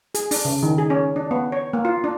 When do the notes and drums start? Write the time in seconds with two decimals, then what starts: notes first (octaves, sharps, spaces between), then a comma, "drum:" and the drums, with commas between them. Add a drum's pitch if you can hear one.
0.15 G#4, drum: hi-hat
0.31 D4, drum: open hi-hat
0.45 C#3
0.63 D#3
0.78 G#4
0.90 C#4
1.16 D4
1.31 B3
1.52 C#5
1.73 A#3
1.85 F4
2.04 D4